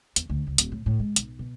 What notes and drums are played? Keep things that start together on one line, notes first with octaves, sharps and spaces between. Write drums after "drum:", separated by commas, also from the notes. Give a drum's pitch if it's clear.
E2, drum: hi-hat
D2
C#2
D1, drum: hi-hat
A2
A2
G#3
B1, drum: hi-hat
B2